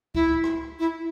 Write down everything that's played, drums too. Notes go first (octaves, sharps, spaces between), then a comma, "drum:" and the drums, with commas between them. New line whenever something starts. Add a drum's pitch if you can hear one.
E4, drum: kick C#2
drum: rim click
E4